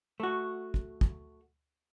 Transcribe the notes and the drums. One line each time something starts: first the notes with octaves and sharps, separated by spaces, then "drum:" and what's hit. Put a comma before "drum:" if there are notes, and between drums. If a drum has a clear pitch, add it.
A3 F#4
drum: kick
drum: kick